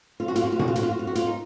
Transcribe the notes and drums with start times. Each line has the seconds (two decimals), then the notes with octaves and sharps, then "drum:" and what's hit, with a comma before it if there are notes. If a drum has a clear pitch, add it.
0.20 F4
0.28 F#4
0.36 F4, drum: hi-hat
0.44 F#4
0.52 F4
0.59 F#4, drum: tom A#2
0.68 F4
0.76 F#4, drum: hi-hat
0.83 F4
0.91 F#4
0.99 F4
1.07 F#4
1.15 F4, drum: hi-hat
1.27 D#4